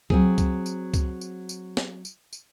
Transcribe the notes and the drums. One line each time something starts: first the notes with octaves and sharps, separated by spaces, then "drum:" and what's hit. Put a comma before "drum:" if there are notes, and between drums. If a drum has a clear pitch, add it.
F#3 C4 G#4, drum: kick C#2
drum: kick C#2, tambourine
drum: tambourine
drum: kick C#2, tambourine
drum: tambourine
drum: tambourine
drum: snare
drum: tambourine
drum: tambourine